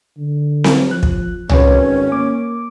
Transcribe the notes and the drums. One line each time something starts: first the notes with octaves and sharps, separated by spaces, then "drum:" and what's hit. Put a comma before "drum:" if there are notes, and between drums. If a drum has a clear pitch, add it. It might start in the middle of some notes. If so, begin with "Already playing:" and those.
D3
drum: snare C4
F3 F#6
drum: kick
G#1 C#4 B4 C#5 G#5, drum: tom C2
A#3 D6